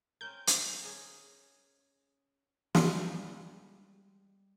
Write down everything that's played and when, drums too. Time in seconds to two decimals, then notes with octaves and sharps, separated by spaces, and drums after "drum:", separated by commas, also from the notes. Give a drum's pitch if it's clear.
0.21 C4 C#4 A#4 G6
0.47 drum: hi-hat
0.84 C#4 G#4 D#5
2.75 G3 G#3, drum: snare